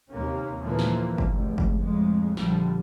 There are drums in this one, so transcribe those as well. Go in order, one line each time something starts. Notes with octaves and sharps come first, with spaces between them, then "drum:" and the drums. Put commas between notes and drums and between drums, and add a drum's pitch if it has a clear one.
D#2 C3 A#3 C#4
A#2 D3 E3 F3 A#3
drum: snare
drum: kick G1
F1 C#2
drum: kick G1
F2 A2 G#3
A#1 D3 F3 G3, drum: snare